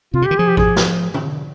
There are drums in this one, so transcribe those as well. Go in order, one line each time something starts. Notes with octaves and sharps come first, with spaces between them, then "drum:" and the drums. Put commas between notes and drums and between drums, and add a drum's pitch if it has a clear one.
C3 F4
C#3
D#3 G4
F3 G#4
G4
G#4, drum: kick A1
drum: snare
drum: tom D3